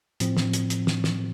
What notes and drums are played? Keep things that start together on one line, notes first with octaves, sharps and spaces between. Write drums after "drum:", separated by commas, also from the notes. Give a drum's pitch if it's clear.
A2 F3 C4, drum: hi-hat
drum: snare
drum: hi-hat
drum: hi-hat
drum: snare
drum: snare